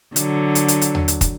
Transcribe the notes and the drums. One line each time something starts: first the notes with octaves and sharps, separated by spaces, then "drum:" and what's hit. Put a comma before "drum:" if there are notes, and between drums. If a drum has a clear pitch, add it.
D3 F#3, drum: hi-hat
drum: hi-hat
drum: hi-hat
drum: hi-hat
drum: tom D#2
drum: hi-hat
drum: kick, hi-hat